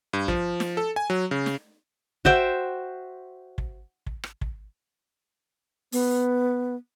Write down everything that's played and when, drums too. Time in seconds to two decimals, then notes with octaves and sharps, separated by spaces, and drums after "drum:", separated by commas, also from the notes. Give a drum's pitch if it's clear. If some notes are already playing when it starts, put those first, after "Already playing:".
0.13 G2
0.28 F3, drum: kick
0.60 drum: snare
0.77 A4
0.96 G#5
1.10 F#3
1.31 C#3
1.46 drum: snare
2.25 F#4 C5 E5 G5, drum: kick
3.58 drum: kick
4.06 drum: kick
4.24 drum: rim click
4.41 drum: kick
5.92 B3, drum: open hi-hat